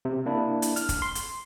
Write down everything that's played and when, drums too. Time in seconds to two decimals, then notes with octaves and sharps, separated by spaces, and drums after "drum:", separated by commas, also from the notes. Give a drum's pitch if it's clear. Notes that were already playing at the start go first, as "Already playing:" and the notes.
0.05 C3
0.26 A#3 D4 E4
0.62 drum: hi-hat
0.76 F6, drum: hi-hat
0.89 drum: kick, hi-hat
1.02 C6
1.15 drum: hi-hat